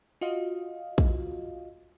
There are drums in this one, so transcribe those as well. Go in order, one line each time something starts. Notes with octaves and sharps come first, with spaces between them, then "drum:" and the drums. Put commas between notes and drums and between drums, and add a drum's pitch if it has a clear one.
F4 F#4 D#5 F5
drum: kick